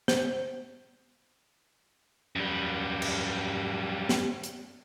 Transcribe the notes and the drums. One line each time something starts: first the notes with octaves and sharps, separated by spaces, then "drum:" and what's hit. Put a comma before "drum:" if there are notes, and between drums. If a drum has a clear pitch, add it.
C5, drum: snare
F#2 G3
drum: cymbal
drum: snare
drum: hi-hat